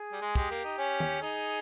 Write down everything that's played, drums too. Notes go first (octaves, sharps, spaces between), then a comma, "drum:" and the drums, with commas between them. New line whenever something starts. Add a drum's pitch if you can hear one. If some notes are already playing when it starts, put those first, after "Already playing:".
Already playing: G#4
G3
G#3
G#3 G4, drum: kick, tambourine
A#3
D#4
C#4, drum: tambourine
drum: tom
D#4 G#4, drum: tambourine